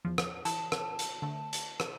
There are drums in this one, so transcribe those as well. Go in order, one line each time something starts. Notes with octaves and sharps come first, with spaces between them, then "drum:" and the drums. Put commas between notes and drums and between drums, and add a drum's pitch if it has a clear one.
E2 F3
drum: rim click
E3 A5, drum: hi-hat
drum: rim click
drum: hi-hat
D3 A3
drum: hi-hat
drum: rim click